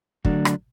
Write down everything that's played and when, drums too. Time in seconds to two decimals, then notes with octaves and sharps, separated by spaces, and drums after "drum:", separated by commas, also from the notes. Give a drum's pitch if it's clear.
0.25 D3 F#3 A3 D4 F#4, drum: kick
0.45 drum: rim click